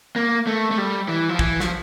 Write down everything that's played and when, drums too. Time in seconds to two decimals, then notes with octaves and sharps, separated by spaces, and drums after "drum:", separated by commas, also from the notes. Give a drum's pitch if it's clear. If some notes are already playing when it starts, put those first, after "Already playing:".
0.16 A#3
0.47 A3
0.71 A3
0.78 G3
1.08 E3
1.29 F3
1.39 E3, drum: kick
1.60 F3, drum: snare